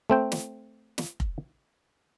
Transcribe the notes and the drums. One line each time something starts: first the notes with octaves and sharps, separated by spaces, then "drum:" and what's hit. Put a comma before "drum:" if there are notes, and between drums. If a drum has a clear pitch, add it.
A3 C4 G5
drum: snare
drum: snare
drum: kick F1